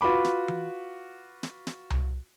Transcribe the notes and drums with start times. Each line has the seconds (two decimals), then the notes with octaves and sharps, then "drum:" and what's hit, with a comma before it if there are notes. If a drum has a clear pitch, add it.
0.01 F4 F#4 B4 B5 D6
0.25 drum: snare
0.48 drum: tom E3
1.43 drum: snare
1.67 drum: snare
1.90 drum: tom C2